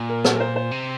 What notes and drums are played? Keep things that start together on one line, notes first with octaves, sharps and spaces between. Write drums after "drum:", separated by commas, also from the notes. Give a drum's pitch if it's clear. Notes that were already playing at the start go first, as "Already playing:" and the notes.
Already playing: A#2
A#4
A4, drum: rim click
A#4
C5
C5
C3